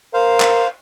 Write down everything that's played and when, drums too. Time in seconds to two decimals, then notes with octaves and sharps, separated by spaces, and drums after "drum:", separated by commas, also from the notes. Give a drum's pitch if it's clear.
0.14 A#4 C5 F5
0.40 drum: clap